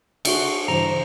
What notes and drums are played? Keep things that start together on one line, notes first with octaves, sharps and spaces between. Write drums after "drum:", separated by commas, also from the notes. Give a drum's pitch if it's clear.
A3 F#4 C6, drum: cymbal
G2 C#3 E3 C5 A#5